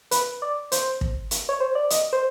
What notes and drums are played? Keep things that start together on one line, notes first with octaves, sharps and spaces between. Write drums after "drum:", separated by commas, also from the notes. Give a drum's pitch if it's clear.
B4, drum: hi-hat
D5
C5, drum: hi-hat
drum: kick
drum: hi-hat
C#5
C5
D5
D#5, drum: hi-hat
C5